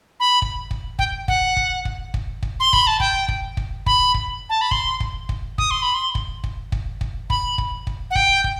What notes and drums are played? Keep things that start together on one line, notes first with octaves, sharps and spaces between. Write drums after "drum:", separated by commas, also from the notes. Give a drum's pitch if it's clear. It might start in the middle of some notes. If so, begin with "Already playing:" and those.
B5
drum: kick
drum: kick
G5, drum: kick
F#5, drum: kick
drum: kick
drum: kick
drum: kick
drum: kick
C6
B5, drum: kick
A5
G5, drum: kick
drum: kick
drum: kick
B5, drum: kick
drum: kick
A5
B5
C6, drum: kick
drum: kick
drum: kick
D#6, drum: kick
C6
B5
C6
drum: kick
drum: kick
drum: kick
drum: kick
B5, drum: kick
drum: kick
drum: kick
F#5
G5, drum: kick
drum: kick